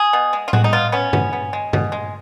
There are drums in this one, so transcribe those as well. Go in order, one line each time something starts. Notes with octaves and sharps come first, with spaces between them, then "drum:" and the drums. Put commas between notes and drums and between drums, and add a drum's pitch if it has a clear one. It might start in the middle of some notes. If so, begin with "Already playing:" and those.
Already playing: G#4
B2
G#3
F4
G#3 F#4, drum: tom A2
D#4
B2 F4
B3 C#4
B3, drum: tom G2
B3
G#3
B2, drum: tom G2
G#3